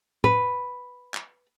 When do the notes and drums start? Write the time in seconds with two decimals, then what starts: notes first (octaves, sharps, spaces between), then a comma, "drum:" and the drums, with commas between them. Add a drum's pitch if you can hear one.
0.24 B4, drum: tom A2
1.14 drum: clap